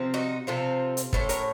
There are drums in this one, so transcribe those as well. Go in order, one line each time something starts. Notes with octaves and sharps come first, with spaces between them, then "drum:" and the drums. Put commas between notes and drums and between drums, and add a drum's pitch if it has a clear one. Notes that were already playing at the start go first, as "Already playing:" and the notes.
Already playing: C3 F3 C4
D#4 F#4
C3 F3 C4 F4 A4
drum: hi-hat
A2 A3 C#4 A4 C5, drum: kick
A#4 C#5, drum: hi-hat